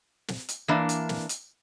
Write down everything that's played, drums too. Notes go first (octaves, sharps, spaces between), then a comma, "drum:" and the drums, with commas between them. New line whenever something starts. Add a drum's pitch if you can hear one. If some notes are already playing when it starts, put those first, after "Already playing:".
drum: snare
drum: hi-hat
E3 A#3 D4
drum: hi-hat
drum: snare
drum: hi-hat